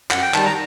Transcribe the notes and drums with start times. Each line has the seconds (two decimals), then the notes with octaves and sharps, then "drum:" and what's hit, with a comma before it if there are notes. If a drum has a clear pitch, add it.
0.11 F#2 F#5, drum: clap
0.22 G5
0.34 D#3 G3 A5, drum: clap
0.45 A#5